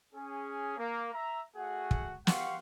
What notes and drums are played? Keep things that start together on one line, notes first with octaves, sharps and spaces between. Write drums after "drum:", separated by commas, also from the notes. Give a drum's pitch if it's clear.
C#4 G#4
A#3
E5 A#5
A3 F#4 G#4 F#5
drum: kick
G4 F5 F#5 C6 C#6, drum: snare